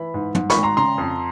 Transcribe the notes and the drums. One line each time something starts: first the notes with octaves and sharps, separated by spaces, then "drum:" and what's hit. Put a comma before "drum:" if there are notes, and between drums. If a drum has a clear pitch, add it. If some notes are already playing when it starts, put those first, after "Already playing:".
Already playing: E3 B5
G#2
G#2, drum: tom
B5 C#6, drum: snare
G#1
A#5 C6
C#3 A#5 C6
F2